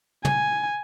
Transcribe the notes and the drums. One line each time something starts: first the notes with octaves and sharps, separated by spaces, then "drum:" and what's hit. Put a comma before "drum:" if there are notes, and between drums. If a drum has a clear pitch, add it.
G#5, drum: tom